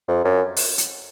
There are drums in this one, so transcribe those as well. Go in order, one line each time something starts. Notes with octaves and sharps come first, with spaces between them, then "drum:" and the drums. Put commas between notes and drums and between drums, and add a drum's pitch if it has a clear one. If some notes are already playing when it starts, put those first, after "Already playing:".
F2
F#2
drum: open hi-hat
drum: hi-hat